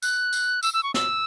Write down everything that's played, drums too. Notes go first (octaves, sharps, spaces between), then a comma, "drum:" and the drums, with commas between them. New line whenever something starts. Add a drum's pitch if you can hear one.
F#6, drum: tambourine
drum: tambourine
E6, drum: tambourine
E6
C#6
E6, drum: snare